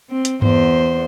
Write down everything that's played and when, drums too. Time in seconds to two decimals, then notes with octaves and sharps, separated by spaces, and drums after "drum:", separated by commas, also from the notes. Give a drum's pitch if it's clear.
0.10 C4
0.25 drum: hi-hat
0.42 E2 C5, drum: tom G2